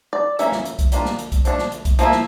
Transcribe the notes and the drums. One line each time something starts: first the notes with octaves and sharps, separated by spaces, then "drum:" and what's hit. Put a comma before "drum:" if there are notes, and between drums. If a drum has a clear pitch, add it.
D5
E3 A#3 C#4 E5, drum: hi-hat
drum: snare
drum: hi-hat
drum: kick B1, hi-hat
G3 A#3 D4 F4, drum: hi-hat
drum: snare
drum: hi-hat
drum: kick B1, hi-hat
F3 A3 D4, drum: hi-hat
drum: snare
drum: hi-hat
drum: kick B1, hi-hat
F3 A#3 E4, drum: hi-hat
drum: snare